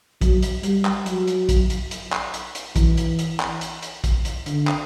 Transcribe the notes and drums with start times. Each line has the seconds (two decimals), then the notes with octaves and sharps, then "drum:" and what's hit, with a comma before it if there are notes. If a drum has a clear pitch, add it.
0.21 F#3, drum: kick A#1, hi-hat
0.43 drum: hi-hat
0.63 G3, drum: hi-hat
0.85 drum: clap
1.06 F#3, drum: hi-hat
1.28 drum: hi-hat
1.49 drum: kick A#1, hi-hat
1.70 drum: hi-hat
1.91 drum: hi-hat
2.13 drum: clap
2.34 drum: hi-hat
2.55 drum: hi-hat
2.76 E3, drum: kick A#1, hi-hat
2.97 drum: hi-hat
3.19 drum: hi-hat
3.40 drum: clap
3.61 drum: hi-hat
3.82 drum: hi-hat
4.04 drum: kick A#1, hi-hat
4.25 drum: hi-hat
4.46 D3, drum: hi-hat
4.67 drum: clap